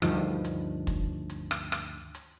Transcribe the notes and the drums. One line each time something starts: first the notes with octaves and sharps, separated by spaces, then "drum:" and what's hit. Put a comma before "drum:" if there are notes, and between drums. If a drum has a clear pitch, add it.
D2 G2 D#3 F3, drum: rim click
drum: hi-hat
drum: kick, hi-hat
drum: hi-hat
drum: rim click
drum: rim click
drum: hi-hat